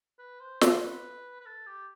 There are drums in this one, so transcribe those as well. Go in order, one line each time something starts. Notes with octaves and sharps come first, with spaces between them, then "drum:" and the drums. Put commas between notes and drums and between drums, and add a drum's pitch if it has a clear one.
B4
C5
C5, drum: snare
B4
B4
A4
G4